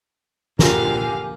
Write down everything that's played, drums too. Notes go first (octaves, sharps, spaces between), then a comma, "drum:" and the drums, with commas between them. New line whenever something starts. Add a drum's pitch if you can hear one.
A#2 D3 A#3 G4 F5 G#5, drum: snare